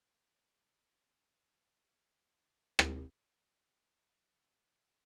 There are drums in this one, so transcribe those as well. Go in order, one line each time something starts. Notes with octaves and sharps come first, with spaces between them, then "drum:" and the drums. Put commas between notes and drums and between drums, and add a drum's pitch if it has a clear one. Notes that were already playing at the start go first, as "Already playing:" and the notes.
D2
C#5
B5
A3
D3
F#3
G1 F4
drum: rim click
B4 D5